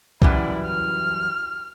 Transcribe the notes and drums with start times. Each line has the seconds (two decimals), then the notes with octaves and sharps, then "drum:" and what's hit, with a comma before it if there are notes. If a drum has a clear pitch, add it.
0.22 F#2 E3 G3 E4 D5, drum: kick C2
0.66 F6